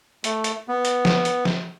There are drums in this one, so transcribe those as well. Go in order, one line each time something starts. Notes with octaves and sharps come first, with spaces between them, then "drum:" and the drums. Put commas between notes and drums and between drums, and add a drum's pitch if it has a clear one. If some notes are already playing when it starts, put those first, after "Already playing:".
A3, drum: hi-hat
drum: hi-hat
B3
drum: hi-hat
drum: snare
drum: hi-hat
drum: snare